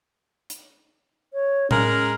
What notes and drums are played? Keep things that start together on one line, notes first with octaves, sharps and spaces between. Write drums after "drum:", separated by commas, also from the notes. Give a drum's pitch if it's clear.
drum: hi-hat
C#5
G#3 C#4 A#4, drum: tom A2
C#4